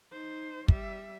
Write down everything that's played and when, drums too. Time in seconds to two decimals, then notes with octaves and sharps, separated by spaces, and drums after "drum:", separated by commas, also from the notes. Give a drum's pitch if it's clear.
0.12 D#4 C5
0.68 G3 E5, drum: kick